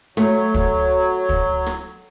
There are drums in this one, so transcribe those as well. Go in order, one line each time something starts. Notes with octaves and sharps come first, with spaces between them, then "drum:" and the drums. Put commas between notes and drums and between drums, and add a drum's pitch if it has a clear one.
F#3 A3, drum: rim click
drum: kick
drum: kick
drum: rim click